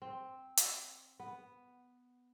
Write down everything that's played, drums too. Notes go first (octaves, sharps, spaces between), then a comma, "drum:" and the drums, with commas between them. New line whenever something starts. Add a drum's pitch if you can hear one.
C4
drum: hi-hat
B3